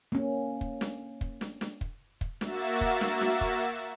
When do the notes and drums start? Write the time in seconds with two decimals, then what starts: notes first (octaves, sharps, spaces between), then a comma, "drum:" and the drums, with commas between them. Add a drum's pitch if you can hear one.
0.12 A#3 C#4
0.61 drum: kick
0.81 drum: snare
1.21 drum: kick
1.41 drum: snare
1.61 drum: snare
1.81 drum: kick
2.21 drum: kick
2.41 A#3 F#4 E5 E6 A6, drum: snare
2.81 drum: kick
3.01 drum: snare
3.21 drum: snare
3.41 drum: kick